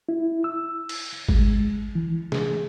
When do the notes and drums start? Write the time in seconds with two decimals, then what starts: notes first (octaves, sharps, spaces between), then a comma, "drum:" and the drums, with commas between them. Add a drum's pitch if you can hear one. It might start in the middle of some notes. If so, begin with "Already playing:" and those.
0.09 E4
0.44 E6
0.89 drum: cymbal
1.29 G#3, drum: kick G#1
1.95 E3
2.32 G#4, drum: snare